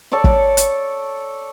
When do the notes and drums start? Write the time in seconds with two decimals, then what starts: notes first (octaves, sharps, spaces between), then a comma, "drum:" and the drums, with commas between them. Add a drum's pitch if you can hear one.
0.12 A4 C#5 D5 C#6
0.24 drum: kick
0.57 drum: hi-hat